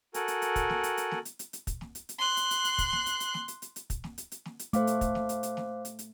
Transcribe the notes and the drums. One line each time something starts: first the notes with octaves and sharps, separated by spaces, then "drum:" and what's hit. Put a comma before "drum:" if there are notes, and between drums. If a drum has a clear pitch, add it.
F#4 A4 A#4 G#5, drum: hi-hat
drum: hi-hat
drum: hi-hat
drum: kick, hi-hat
drum: snare
drum: hi-hat
drum: hi-hat
drum: snare
drum: hi-hat
drum: hi-hat
drum: hi-hat
drum: kick, hi-hat
drum: snare
drum: hi-hat
drum: hi-hat
C6 F#6
drum: hi-hat
drum: hi-hat
drum: hi-hat
drum: kick, hi-hat
drum: snare
drum: hi-hat
drum: hi-hat
drum: snare
drum: hi-hat
drum: hi-hat
drum: hi-hat
drum: kick, hi-hat
drum: snare
drum: hi-hat
drum: hi-hat
drum: snare
drum: hi-hat
A3 C5 F5 D6, drum: hi-hat
drum: hi-hat
drum: kick, hi-hat
drum: snare
drum: hi-hat
drum: hi-hat
drum: snare
drum: hi-hat
drum: hi-hat